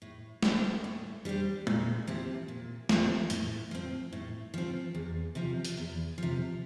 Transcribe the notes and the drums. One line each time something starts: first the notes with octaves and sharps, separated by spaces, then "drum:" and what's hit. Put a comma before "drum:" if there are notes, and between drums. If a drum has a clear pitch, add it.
A2
G3 D4 G4 C5, drum: snare
A2
G3 D4 G4 C5
A#2, drum: tom G#3
F3 C4 E4 G4
A#2
F3 C4 E4 G4, drum: snare
A2, drum: hi-hat
F3 C4
A2
F3 C4
E2
C3 F3
drum: hi-hat
E2
C3 F3